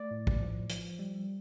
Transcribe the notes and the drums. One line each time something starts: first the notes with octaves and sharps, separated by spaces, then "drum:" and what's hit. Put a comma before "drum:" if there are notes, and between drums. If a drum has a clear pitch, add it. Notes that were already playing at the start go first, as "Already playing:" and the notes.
Already playing: A3 D5
A2
drum: kick
F3
F3, drum: hi-hat
G3